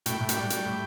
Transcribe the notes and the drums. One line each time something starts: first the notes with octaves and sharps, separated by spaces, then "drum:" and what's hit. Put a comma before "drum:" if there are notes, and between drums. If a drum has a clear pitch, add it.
A2 G5, drum: hi-hat
A2
G5, drum: hi-hat
G3
G3, drum: hi-hat
A2